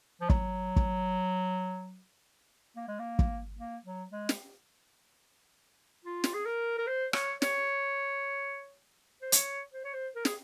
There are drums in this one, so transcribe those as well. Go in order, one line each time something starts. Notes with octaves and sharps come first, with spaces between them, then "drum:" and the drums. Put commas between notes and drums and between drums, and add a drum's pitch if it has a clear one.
F3
F#3, drum: kick
drum: kick
A#3
G#3
A#3
drum: kick
A#3
F#3
G#3
drum: snare
F4
drum: snare
G#4
A#4
A#4
C5
C#5, drum: rim click
C#5, drum: snare
C5
C#5, drum: hi-hat
C5
C#5
C5
A#4
G#4, drum: snare